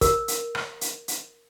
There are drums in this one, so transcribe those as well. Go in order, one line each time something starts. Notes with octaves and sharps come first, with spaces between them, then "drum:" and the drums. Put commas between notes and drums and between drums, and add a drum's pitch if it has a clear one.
A#4, drum: kick, hi-hat
drum: hi-hat
drum: rim click
drum: hi-hat
drum: hi-hat